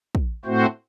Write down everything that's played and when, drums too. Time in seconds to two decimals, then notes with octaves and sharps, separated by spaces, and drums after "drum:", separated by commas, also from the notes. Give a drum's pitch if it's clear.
0.15 drum: kick
0.45 A2 A3 C4 F#4 C5